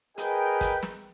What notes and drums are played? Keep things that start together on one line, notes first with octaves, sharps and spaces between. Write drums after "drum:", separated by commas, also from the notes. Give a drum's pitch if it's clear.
G#4 A#4 B4 D#5 G5, drum: hi-hat
drum: kick, hi-hat
drum: snare